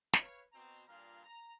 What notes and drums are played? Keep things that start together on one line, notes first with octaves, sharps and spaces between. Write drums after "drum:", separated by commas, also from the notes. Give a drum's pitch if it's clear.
B4 C#5 F5, drum: snare
B2 C4 A#5
G2 A#2 D4 F4 F5 A#5
A#5